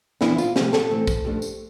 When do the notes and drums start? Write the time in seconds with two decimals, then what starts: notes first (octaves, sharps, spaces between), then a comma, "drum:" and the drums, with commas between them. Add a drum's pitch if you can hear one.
0.21 F2 E3 B3 D4 E4, drum: snare
0.38 F4, drum: tambourine
0.56 C3 F3 A3 G4, drum: snare
0.73 A4, drum: snare
0.90 A2 E3 A3 C4
1.07 drum: kick, tambourine
1.24 G2 F3 A3 D4
1.42 drum: tambourine